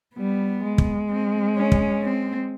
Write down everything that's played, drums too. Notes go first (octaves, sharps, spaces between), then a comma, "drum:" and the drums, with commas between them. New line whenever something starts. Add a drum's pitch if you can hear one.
G3 B3
G#3
drum: kick
C4
C#4
drum: kick
C4